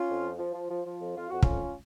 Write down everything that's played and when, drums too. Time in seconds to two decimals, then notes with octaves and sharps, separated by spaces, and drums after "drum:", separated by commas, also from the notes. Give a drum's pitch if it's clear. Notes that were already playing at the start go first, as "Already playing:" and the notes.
Already playing: C#4 F4
0.08 F2
0.23 F3
0.38 F3
0.54 F3
0.69 F3
0.86 F3
1.00 F2
1.16 F2 F4
1.30 F2 F#4
1.42 C#4 F4, drum: kick
1.48 F2